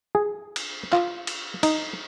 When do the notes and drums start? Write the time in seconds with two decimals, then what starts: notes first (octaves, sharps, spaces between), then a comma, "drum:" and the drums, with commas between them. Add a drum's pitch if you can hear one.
0.15 G#4
0.56 drum: cymbal
0.93 F4, drum: clap
1.27 drum: cymbal
1.63 D#4, drum: cymbal